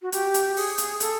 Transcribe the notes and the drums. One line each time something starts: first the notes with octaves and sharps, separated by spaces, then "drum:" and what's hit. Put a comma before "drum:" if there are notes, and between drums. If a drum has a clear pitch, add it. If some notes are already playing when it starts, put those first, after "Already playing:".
F#4
G4, drum: hi-hat
drum: hi-hat
G#4, drum: open hi-hat
drum: hi-hat
A4, drum: hi-hat